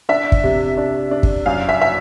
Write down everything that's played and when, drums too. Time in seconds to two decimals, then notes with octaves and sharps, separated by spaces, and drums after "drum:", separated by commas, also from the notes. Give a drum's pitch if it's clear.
0.09 D4 E5
0.32 drum: kick
0.44 C3
0.77 D4
1.11 D4
1.23 drum: kick
1.46 F#2 F5
1.69 E5
1.82 E5